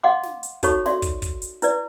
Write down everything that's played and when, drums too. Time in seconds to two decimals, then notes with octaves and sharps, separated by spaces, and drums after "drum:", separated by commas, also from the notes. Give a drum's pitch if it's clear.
0.03 D#5 F5 F#5 C6 D6
0.23 drum: snare
0.43 drum: hi-hat
0.63 D#4 F#4 A4 C#5 B5 C#6, drum: kick, hi-hat
0.86 F#4 D5 E5 C6, drum: snare
1.02 drum: kick, hi-hat
1.22 drum: kick, hi-hat
1.42 drum: hi-hat
1.62 E4 B4 D5, drum: hi-hat